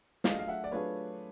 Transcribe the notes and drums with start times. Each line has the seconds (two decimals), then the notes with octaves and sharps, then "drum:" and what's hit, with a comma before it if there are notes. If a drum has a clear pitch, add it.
0.24 F#3 A3 D4 F4 G#4 D#5 F5, drum: snare
0.39 F5
0.48 E5 F#5
0.64 D5
0.71 F#3 A3 D4 F4 G#4 B4 C#5